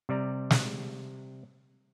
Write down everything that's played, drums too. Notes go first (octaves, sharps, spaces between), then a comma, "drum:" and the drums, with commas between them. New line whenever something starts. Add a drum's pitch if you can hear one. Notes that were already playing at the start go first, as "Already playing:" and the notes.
C3 G3 D5 A#5
drum: snare